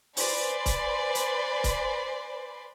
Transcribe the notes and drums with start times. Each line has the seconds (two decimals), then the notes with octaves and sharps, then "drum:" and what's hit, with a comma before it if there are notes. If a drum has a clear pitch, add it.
0.17 B4 C5 D5 G#5 B5 C6, drum: open hi-hat
0.66 drum: kick C#1, hi-hat
1.15 drum: hi-hat
1.64 drum: kick C#1, hi-hat